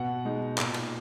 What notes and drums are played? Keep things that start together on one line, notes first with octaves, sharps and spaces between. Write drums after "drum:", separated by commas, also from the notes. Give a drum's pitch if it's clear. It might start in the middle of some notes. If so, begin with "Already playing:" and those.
Already playing: B2 F#5
G#3 D#4
A#2, drum: clap
drum: cymbal